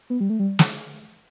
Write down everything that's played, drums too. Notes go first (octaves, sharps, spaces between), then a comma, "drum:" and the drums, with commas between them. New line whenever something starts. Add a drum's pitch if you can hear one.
B3
G3
A3
G3
drum: snare